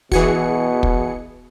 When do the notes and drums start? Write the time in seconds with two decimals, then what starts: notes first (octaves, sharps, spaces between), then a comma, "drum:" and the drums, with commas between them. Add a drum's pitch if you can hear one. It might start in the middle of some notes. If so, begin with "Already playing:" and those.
0.12 B2 E3 F#4 G#4 C#7, drum: kick
0.83 drum: kick